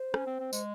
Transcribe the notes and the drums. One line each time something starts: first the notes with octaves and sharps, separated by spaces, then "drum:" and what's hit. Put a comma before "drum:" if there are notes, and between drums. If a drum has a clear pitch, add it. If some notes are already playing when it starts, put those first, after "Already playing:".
Already playing: C5
C#4, drum: rim click
C4
C4
G#3, drum: tambourine